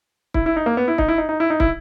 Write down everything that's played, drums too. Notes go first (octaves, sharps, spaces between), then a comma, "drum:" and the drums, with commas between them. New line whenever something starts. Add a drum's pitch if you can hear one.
E4, drum: kick
E4
D#4
A#3
B3
E4
D#4, drum: kick
E4
D#4
D#4
E4
D#4
E4, drum: kick